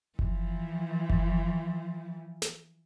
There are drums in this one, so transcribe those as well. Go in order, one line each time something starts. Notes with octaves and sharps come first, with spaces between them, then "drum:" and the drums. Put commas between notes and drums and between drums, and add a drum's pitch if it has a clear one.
E3 F3, drum: kick F#1
drum: kick F#1
drum: snare